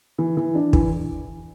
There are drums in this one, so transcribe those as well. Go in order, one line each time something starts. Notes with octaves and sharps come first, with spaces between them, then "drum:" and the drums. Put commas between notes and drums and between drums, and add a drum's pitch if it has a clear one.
E3
E3
D4
E3, drum: kick